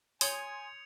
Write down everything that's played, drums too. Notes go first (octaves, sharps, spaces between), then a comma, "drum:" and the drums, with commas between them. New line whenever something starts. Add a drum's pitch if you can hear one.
C#5 G#5 C6 D#6 G6 G#6 C#7 F7, drum: open hi-hat